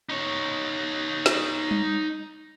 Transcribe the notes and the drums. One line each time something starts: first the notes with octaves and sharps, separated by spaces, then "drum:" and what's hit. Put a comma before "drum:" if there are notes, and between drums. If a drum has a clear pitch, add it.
D#4 C#5
drum: snare
drum: tom G3